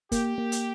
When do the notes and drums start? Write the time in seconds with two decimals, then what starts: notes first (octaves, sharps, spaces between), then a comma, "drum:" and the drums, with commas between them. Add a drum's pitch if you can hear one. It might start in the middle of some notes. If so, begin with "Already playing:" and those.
0.12 A#3 G4, drum: kick, hi-hat
0.38 A#3
0.52 drum: hi-hat